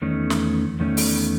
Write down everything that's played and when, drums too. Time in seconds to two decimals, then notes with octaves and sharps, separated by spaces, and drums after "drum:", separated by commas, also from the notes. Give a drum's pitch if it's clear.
0.02 E2 D#3 A3 C#4
0.30 drum: snare
0.80 E2 D#3 A3 C#4
0.97 drum: open hi-hat